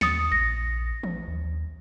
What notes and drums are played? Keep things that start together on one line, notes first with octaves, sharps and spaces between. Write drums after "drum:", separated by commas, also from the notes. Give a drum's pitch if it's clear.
D#2 D#6 A6 C#7, drum: snare
A#1 A#6
drum: tom E3
D#2